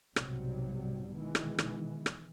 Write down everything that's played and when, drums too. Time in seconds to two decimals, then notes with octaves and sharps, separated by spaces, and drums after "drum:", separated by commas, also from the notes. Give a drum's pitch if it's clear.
0.16 B1 G#2 C3 F#3 G3, drum: rim click
1.11 B2 D#3 E3 G#3
1.35 drum: rim click
1.58 drum: rim click
2.06 drum: rim click